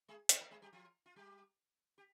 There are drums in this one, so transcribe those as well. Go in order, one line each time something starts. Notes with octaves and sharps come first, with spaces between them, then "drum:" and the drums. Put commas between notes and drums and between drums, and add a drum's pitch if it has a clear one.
G#3 G#4
C4 C5, drum: hi-hat
A#3 A#4
G#3 G#4
G3 G4
F3 F4
F4
G3 G4
G4